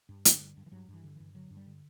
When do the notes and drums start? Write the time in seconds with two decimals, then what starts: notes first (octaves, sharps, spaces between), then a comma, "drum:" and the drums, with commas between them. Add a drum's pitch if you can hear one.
0.09 G2
0.25 D3, drum: hi-hat
0.40 G2
0.57 G2
0.66 E3
0.72 G2 F#3
0.89 G2 E3
1.04 D3
1.15 E3
1.20 G2
1.35 D3 F#3
1.50 G2
1.57 G3
1.66 D3